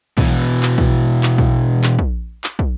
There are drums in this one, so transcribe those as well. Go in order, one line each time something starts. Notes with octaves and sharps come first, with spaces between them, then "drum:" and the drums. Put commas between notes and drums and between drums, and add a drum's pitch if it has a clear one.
B2 E3, drum: kick
drum: clap
drum: kick
drum: clap
drum: kick
drum: clap
drum: kick
drum: clap
drum: kick